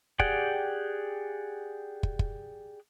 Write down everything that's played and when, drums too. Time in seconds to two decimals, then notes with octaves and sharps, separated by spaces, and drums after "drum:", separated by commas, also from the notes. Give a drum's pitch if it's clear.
0.19 G4 G#4 D5 F#5 G5, drum: kick
2.03 drum: kick
2.19 drum: kick